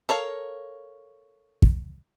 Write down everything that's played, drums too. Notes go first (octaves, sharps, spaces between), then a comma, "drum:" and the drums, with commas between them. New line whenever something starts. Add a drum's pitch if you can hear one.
A4 A#4 C#5 F5
drum: kick